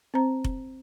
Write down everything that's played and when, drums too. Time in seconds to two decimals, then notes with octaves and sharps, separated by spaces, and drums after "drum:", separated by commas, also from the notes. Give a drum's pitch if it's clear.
0.14 C4 C5 A#5
0.44 drum: kick F1